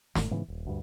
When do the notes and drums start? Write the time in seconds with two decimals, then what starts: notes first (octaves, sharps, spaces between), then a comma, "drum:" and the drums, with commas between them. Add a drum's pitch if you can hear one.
0.15 G#2, drum: snare
0.31 G#2 C#3 E3 B3
0.48 D#1
0.67 D2 G2